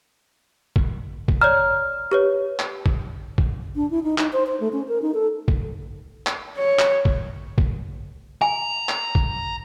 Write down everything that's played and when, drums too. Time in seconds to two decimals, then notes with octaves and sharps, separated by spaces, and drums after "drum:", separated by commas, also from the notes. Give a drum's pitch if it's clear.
0.76 drum: kick
1.28 drum: kick
1.41 C#5 D5 A#5 F6
2.11 G4 B4 C#5
2.59 drum: clap
2.86 drum: kick
3.38 drum: kick
3.76 D4
3.91 E4
4.03 D#4
4.18 D#4, drum: clap
4.33 C5
4.47 C5
4.60 A3
4.73 C#4
4.88 A#4
5.02 D#4
5.14 A4
5.48 drum: kick
6.27 drum: clap
6.58 C#5
6.79 drum: clap
7.05 drum: kick
7.58 drum: kick
8.42 G#5 A#5
8.89 drum: clap
9.15 drum: kick